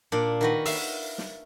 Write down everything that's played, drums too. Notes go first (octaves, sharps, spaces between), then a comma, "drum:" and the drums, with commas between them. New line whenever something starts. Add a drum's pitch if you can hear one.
A#2 D4
D#3 F#4 B4
E5 F5, drum: open hi-hat
drum: snare